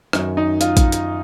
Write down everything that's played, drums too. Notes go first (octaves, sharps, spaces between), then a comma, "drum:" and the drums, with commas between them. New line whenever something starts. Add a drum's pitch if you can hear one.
F#2 D#3 F#3 D#4, drum: rim click
D#4
F4, drum: hi-hat
drum: kick A1, hi-hat
drum: hi-hat